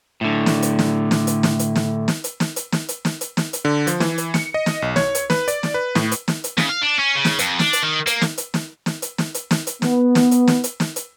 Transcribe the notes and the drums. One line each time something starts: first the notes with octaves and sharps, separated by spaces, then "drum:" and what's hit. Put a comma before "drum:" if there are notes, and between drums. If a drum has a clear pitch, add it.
A2 D3
drum: snare
drum: hi-hat
drum: snare
drum: snare
drum: hi-hat
drum: snare
drum: hi-hat
drum: snare
drum: snare
drum: hi-hat
drum: snare
drum: hi-hat
drum: snare
drum: hi-hat
drum: snare
drum: hi-hat
drum: snare
drum: hi-hat
D3
F3, drum: hi-hat
E3, drum: snare
drum: hi-hat
C#7, drum: snare
D#5
drum: snare
B1
C#5, drum: snare
drum: hi-hat
B4, drum: snare
D5, drum: hi-hat
drum: snare
B4
A2, drum: snare
drum: hi-hat
drum: snare
drum: hi-hat
C#3, drum: snare
F5
D4
C#4
C#3
drum: snare
F2, drum: hi-hat
D4, drum: snare
drum: hi-hat
D#3
A#3, drum: hi-hat
drum: snare
drum: hi-hat
drum: snare
drum: snare
drum: hi-hat
drum: snare
drum: hi-hat
drum: snare
drum: hi-hat
B3, drum: snare
drum: snare
drum: hi-hat
drum: snare
drum: hi-hat
drum: snare
drum: hi-hat